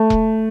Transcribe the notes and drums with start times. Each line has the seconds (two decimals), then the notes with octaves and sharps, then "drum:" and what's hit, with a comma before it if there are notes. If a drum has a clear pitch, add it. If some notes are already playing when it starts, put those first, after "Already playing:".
Already playing: A3
0.10 drum: kick E1